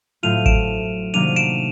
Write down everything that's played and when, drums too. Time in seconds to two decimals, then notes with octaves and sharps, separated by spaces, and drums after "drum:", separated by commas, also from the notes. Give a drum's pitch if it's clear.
0.23 A2 F#3 A3 C4 F4 D#7 F7
0.46 D7 E7, drum: kick G#1
1.14 C3 D#3 F#3 A#3 D4 D#7 F7
1.36 D7 E7